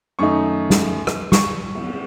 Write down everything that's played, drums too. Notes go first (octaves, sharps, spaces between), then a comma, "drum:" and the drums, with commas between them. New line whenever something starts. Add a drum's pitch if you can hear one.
F#2 D#3 A3 D#4 C#6
drum: snare
drum: rim click
C#6, drum: snare
drum: cymbal